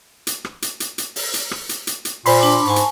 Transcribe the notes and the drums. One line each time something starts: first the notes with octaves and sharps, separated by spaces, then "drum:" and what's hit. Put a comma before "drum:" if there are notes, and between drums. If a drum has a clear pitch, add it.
drum: hi-hat
drum: rim click
drum: hi-hat
drum: hi-hat
drum: hi-hat
drum: open hi-hat
drum: hi-hat
drum: rim click
drum: hi-hat
drum: hi-hat
drum: hi-hat
A#2 C5 B5 C6, drum: open hi-hat
D4 A5 D6
G#2 G#5 A5 C#6
drum: hi-hat